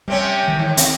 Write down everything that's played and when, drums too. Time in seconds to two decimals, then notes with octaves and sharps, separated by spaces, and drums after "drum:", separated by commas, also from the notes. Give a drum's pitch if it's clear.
0.08 C3 G3 C4 C#4
0.48 D#3 E3
0.59 G#2
0.77 C4, drum: hi-hat